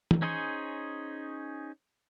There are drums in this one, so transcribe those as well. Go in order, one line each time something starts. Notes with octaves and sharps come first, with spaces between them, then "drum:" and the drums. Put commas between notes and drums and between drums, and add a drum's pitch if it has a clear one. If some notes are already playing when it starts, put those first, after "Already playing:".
drum: tom
C#4 D#4 G#4 C5 C#5